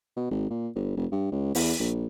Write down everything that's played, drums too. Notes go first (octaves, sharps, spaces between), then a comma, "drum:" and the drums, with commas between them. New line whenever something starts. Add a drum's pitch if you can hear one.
B2
G#1
A#2
G1
F1
G2
C#2
E2, drum: open hi-hat
A#1